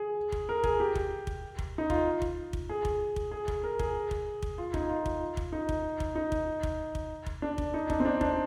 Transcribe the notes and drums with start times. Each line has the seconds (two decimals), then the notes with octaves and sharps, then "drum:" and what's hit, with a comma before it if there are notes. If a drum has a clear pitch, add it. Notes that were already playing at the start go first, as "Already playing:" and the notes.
Already playing: G#4
0.32 drum: kick
0.49 A#4
0.64 G#4, drum: kick
0.80 G4
0.96 drum: kick
1.27 drum: kick
1.59 drum: kick
1.78 D#4
1.90 F4, drum: kick
2.22 drum: kick
2.53 drum: kick
2.70 G#4
2.85 drum: kick
3.16 drum: kick
3.32 G#4
3.48 drum: kick
3.64 A#4
3.79 G#4, drum: kick
4.11 drum: kick
4.43 drum: kick
4.58 F4
4.74 D#4, drum: kick
4.90 F4
5.06 drum: kick
5.37 drum: kick
5.52 D#4
5.69 drum: kick
6.00 drum: kick
6.15 D#4
6.32 drum: kick
6.63 drum: kick
6.95 drum: kick
7.26 drum: kick
7.42 D4
7.58 drum: kick
7.74 D#4
7.90 D4, drum: kick
8.00 C4
8.05 D4
8.21 D4, drum: kick